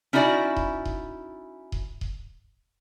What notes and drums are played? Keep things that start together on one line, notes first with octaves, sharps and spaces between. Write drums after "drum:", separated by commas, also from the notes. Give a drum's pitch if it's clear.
C#4 D#4 E4 F#4 D5
drum: kick D#1
drum: kick D#1
drum: kick D#1
drum: kick D#1